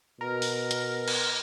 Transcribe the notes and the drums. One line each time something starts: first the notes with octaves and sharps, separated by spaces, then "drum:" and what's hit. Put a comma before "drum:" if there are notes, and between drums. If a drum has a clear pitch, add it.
B2 A#4
drum: open hi-hat
drum: hi-hat
drum: cymbal